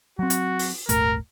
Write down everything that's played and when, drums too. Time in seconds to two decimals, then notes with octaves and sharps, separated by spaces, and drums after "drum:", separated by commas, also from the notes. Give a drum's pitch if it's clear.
0.19 F#3 C4 F#4
0.30 drum: hi-hat
0.59 drum: open hi-hat
0.89 D#1 G#1 A3 A#4, drum: hi-hat